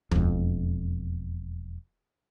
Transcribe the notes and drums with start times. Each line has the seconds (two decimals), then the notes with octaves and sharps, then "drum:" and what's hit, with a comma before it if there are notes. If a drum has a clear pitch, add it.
0.11 E1 F2, drum: tom D2